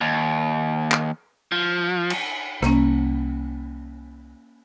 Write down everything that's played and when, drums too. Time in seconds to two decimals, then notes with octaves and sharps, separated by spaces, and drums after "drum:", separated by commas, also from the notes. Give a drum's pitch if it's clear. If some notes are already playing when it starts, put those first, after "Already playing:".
0.01 D#2
0.92 drum: clap
1.52 F3
2.10 drum: cymbal
2.62 C2 A#3 C#4, drum: rim click